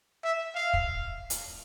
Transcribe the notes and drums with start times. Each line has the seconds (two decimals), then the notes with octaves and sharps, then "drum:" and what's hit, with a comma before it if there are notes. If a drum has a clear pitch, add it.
0.24 E5
0.55 F5
0.74 drum: kick
1.30 drum: hi-hat